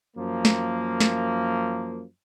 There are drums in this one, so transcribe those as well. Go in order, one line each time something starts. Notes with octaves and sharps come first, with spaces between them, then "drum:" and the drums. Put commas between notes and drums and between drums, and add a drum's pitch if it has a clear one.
F#2 F3 A#3
drum: snare
drum: snare